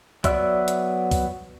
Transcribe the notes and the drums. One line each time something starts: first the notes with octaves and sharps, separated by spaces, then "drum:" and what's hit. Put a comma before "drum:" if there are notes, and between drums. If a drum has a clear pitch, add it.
F#3 B3 D5 E5 E6, drum: kick C2, hi-hat
drum: hi-hat
drum: kick C2, open hi-hat